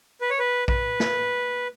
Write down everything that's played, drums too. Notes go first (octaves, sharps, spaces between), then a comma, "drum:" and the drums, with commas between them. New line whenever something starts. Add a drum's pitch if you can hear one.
B4
C#5
B4
B4, drum: kick A#1
drum: snare